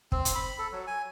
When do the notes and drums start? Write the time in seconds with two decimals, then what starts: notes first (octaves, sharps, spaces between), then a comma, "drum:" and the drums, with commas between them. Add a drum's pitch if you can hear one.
0.12 C4, drum: kick
0.25 drum: hi-hat
0.35 B5
0.59 A4
0.72 F#3
0.87 G#5